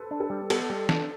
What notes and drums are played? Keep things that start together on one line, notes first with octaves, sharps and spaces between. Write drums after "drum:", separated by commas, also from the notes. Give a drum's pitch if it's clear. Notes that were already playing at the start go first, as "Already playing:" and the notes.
Already playing: A4 B4 C5
D4
A4
G3
B3 A4, drum: cymbal
G3
D4, drum: snare